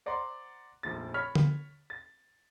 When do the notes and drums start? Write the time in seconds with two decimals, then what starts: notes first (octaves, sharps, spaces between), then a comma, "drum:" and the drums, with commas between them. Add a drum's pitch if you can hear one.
0.06 C5 D5 F#5 A#5 C6
0.83 F1 A#1 A#2 A6
1.14 C#5 B5 F6 B6
1.35 drum: tom D3
1.90 A6